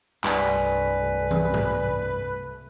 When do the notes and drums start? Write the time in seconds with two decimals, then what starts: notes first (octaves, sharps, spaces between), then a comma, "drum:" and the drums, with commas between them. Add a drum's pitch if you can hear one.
0.24 C2 G2 A3 B4 D5 G#5, drum: clap
1.31 drum: tom
1.54 drum: tom